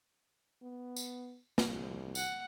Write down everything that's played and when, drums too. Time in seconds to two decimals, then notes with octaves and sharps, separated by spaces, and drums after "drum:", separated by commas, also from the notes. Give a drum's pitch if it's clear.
0.63 B3
0.96 drum: tambourine
1.58 C2, drum: snare
2.15 F#5, drum: tambourine